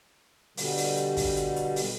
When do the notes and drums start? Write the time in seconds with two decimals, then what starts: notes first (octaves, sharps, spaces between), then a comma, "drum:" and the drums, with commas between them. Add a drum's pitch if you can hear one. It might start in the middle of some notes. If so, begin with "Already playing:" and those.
0.57 B2 D3 G3, drum: open hi-hat
0.77 drum: open hi-hat
0.97 drum: hi-hat
1.17 drum: kick, open hi-hat
1.36 drum: hi-hat
1.56 drum: hi-hat
1.76 drum: open hi-hat